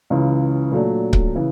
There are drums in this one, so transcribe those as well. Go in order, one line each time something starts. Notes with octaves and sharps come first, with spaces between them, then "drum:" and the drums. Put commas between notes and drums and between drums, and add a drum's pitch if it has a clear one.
C#2 C#3 E3
A#2 F#3 A3 D4
drum: kick C#1
C#3 E3